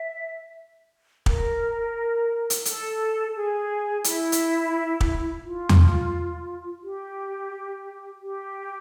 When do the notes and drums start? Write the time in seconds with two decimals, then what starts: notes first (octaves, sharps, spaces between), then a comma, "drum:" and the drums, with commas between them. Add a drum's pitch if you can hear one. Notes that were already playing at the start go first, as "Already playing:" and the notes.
Already playing: E5
1.26 A#4, drum: kick
2.50 drum: hi-hat
2.65 A4, drum: hi-hat
3.35 G#4
4.04 E4, drum: hi-hat
4.32 drum: hi-hat
5.01 drum: kick
5.44 F4
5.69 drum: tom E2
6.83 G4
8.22 G4